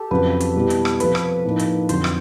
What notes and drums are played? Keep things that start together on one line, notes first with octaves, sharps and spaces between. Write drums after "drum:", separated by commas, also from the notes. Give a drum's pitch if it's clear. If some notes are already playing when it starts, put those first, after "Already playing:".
Already playing: G4 A4
F2 C#3 F#3 B4
drum: hi-hat
B2 G3 B3 E4
drum: hi-hat
drum: rim click
C3 F3 A3 C4 B4, drum: hi-hat
drum: rim click
A2 F3 A#3 D#4
drum: hi-hat
F2 D3 F#3 C5, drum: hi-hat
drum: rim click